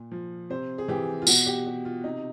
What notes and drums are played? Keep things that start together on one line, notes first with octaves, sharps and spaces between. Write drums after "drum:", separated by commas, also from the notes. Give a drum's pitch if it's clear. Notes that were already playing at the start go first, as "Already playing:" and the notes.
Already playing: A#2
F3
C3 C5
G#4
E3 G4
F4
B2 F#4, drum: tambourine
G4
G4
F4
C3 D#4